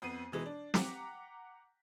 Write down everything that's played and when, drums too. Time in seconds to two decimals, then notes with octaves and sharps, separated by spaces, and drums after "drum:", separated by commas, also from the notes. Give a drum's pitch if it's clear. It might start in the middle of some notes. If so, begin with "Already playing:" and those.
0.02 F2 B3 C7 D#7
0.32 B2 E3 G#3 D#4
0.46 D4
0.74 F#5 G5 A#5 D6 B6, drum: snare